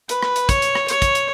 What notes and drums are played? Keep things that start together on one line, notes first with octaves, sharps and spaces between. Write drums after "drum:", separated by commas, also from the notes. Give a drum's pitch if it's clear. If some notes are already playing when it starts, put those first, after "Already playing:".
B4, drum: hi-hat
drum: rim click
drum: hi-hat
C#5, drum: kick, hi-hat
drum: hi-hat
drum: rim click
C#5, drum: hi-hat
drum: kick, hi-hat
drum: hi-hat